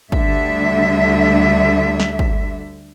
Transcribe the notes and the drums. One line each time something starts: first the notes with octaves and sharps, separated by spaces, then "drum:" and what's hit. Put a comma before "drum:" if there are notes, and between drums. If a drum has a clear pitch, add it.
D2 D3 G3 E5, drum: kick
drum: snare
drum: kick